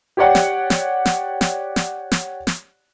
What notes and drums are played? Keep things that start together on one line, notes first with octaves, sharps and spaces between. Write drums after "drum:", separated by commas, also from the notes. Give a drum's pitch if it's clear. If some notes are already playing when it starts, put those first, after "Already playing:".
G4 C#5 D5 F#5 G5
drum: snare
drum: snare
drum: snare
drum: snare
drum: snare
drum: snare
drum: snare